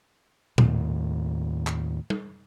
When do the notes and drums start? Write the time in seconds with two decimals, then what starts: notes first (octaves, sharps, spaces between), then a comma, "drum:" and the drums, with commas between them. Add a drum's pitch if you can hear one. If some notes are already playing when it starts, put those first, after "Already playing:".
0.58 D#2 A2, drum: tom A#2
1.67 drum: clap
2.10 drum: tom